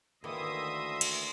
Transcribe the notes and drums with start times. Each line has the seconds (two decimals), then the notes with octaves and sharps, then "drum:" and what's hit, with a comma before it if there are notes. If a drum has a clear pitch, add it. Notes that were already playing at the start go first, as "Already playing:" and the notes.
0.24 D2 D#3 E3 A#3 D#5 E5 C6 D#6
1.01 drum: cymbal